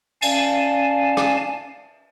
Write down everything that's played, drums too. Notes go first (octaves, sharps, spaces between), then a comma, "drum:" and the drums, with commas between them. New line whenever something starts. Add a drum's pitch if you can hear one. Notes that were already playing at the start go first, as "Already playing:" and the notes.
C#4 D5 F5 G#5 A5, drum: cymbal
drum: rim click